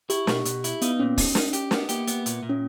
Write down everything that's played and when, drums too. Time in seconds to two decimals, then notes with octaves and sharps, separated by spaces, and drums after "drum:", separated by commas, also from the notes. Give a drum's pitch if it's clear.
0.10 E4 G4, drum: hi-hat
0.27 B2, drum: snare
0.45 B2, drum: hi-hat
0.64 E4, drum: hi-hat
0.82 B3 D#4, drum: hi-hat
0.99 A#2 C#4
1.18 D#4, drum: kick, open hi-hat
1.35 D#4, drum: snare
1.53 G4, drum: hi-hat
1.71 B3, drum: snare
1.89 A#3 G4, drum: hi-hat
2.07 B3, drum: hi-hat
2.26 A#2, drum: hi-hat
2.43 A#2
2.49 C#4